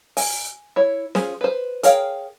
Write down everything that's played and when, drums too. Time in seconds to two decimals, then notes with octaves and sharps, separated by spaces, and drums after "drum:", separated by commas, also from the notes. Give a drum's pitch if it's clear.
0.17 G#5, drum: open hi-hat
0.76 E4 C#5
1.15 C#4 F4 G#4 C5, drum: snare
1.41 B4 C5
1.83 G#4 A#4 C#5 F5 G5, drum: hi-hat